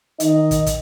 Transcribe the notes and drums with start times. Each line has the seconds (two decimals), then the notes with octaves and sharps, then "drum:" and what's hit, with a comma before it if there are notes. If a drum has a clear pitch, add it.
0.20 D#3 D#4 D#5, drum: hi-hat
0.51 drum: kick, hi-hat
0.66 drum: kick, hi-hat